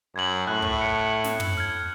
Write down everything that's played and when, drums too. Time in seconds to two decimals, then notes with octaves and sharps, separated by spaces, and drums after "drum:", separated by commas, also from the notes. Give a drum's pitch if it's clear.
0.16 F#2 G#6 F#7
0.47 A2 F#6
0.62 drum: kick
0.82 C#7
1.24 drum: snare
1.40 drum: tom
1.57 F6 G#6